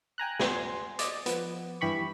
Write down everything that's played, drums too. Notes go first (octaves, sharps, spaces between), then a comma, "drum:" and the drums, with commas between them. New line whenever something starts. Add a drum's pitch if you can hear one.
G5 G#5 A#5 F#6
G#5 C6, drum: snare
D5 D#5, drum: hi-hat
F3 B3, drum: hi-hat
G2 E3 G4 B5 C#6